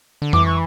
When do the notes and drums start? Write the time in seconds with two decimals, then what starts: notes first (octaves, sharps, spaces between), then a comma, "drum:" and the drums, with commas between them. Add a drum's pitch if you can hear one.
0.22 D3
0.33 E3 D6, drum: tom F2
0.46 C#6